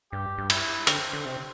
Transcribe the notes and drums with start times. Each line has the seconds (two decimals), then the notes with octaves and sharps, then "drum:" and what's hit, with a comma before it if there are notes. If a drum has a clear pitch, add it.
0.12 G2 G4
0.38 G2
0.50 E4, drum: cymbal
0.87 D3 C4, drum: hi-hat
1.13 D3
1.25 C3